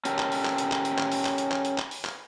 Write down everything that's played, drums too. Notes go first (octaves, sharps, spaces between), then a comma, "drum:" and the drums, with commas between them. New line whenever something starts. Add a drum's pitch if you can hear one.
C#4 G4 A4 A#4, drum: hi-hat
drum: clap
drum: open hi-hat
drum: clap
drum: hi-hat
drum: clap
drum: hi-hat
drum: clap
drum: open hi-hat
drum: clap
drum: hi-hat
drum: clap
drum: hi-hat
drum: clap
drum: open hi-hat
drum: clap